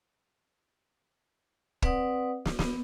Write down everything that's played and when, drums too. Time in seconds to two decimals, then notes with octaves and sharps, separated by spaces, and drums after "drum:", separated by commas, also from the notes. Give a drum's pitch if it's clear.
1.82 C4 B4 D5 F#5 D#6, drum: kick
2.45 drum: snare
2.59 B3, drum: snare